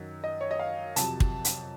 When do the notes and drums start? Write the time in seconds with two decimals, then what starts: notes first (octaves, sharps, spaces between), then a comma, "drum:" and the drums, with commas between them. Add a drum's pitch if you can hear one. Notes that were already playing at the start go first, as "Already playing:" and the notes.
Already playing: F#2 D#3 F#3
0.24 D#5
0.41 C#5
0.51 D#5
0.60 F5
0.96 F2 C3 F#3 A5, drum: hi-hat
1.20 drum: kick
1.45 drum: hi-hat